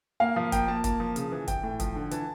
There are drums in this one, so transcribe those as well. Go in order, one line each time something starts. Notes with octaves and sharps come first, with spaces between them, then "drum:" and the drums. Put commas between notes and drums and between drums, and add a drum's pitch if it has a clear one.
A#3 F5
F3
A#3 G5, drum: kick F#1, hi-hat
A#3 A5
A#3 A5, drum: kick F#1, hi-hat
F3
C#3, drum: hi-hat
E3
E3 G5, drum: kick F#1, hi-hat
A2
F3, drum: kick F#1, hi-hat
D3
E3 A5, drum: hi-hat